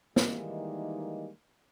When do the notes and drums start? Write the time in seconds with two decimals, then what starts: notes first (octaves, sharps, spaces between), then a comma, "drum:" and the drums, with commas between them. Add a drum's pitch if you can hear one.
0.16 D#3 E3 G3 G#3 A#3 D#4, drum: snare